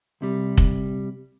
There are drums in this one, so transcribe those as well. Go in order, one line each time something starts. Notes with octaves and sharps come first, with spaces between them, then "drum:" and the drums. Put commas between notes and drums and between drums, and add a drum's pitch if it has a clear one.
C2 C3 G3
drum: kick